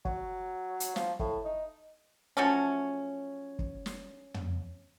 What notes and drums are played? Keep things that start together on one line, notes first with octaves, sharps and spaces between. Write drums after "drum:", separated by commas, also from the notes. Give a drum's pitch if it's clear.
F#3, drum: kick
drum: hi-hat
F3, drum: snare
A2, drum: kick
D#4
F3 F#3 A3 C#4
drum: kick
drum: snare
drum: tom